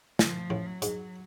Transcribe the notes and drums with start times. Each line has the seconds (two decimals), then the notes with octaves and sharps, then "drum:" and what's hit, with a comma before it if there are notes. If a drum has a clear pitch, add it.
0.19 F3, drum: snare
0.50 A1 A2
0.66 F#3
0.82 G#2, drum: hi-hat